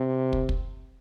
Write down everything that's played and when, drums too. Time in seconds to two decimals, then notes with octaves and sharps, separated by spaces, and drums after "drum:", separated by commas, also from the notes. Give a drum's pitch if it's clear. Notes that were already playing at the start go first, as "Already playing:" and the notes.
Already playing: C3
0.33 drum: kick
0.49 drum: kick